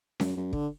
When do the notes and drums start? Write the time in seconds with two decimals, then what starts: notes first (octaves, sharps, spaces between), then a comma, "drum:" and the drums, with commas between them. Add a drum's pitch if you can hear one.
0.20 F#2, drum: snare C#4
0.36 F#2
0.53 D3, drum: kick